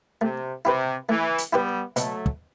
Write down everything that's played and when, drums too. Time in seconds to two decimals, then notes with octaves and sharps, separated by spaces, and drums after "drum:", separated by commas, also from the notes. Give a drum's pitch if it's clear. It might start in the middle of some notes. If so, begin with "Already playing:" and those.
0.21 C3 A3
0.65 C3 E4 G4 B4
1.09 E3 A3
1.38 drum: hi-hat
1.52 G3 B3 E4 G4 B4
1.96 B2 F#3 A3, drum: hi-hat
2.26 drum: kick